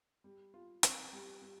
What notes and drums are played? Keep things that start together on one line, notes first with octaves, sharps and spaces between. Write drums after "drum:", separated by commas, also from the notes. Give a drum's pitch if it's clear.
G3
F4
C4, drum: hi-hat
G3
G3